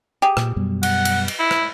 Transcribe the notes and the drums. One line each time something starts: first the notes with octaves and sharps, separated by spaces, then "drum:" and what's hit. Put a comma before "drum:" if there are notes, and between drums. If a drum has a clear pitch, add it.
G4 G#4
A#2, drum: rim click
F#2 B2 G3
F#5, drum: cymbal
drum: cymbal
drum: cymbal
E4
drum: rim click